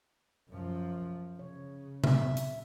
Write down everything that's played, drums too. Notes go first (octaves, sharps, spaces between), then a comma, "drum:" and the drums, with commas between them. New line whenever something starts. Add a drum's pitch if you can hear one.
F#2 F3
C#3 C#5
A#2 F#3 E5, drum: tom C3
drum: hi-hat